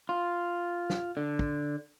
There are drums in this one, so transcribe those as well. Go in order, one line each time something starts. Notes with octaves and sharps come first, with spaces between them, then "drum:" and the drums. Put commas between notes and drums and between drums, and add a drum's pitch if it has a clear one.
F4
drum: snare
D3
drum: kick